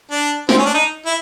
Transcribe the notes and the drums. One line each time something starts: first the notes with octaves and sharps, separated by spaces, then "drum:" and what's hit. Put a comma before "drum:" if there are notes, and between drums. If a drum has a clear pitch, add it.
D4
C4, drum: snare
C#4
D4
D#4
E4